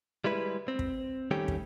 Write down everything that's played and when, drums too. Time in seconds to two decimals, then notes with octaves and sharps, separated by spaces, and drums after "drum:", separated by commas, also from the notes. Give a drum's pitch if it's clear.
0.24 G3 G#3 E4 B4
0.68 C4
0.79 drum: kick
1.31 D#3 G3 A3 C#4 G4
1.48 drum: kick